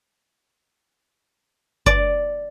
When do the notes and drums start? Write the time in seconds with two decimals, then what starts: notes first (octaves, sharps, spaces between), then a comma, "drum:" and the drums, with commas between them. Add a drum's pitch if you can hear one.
1.86 D5, drum: kick F#1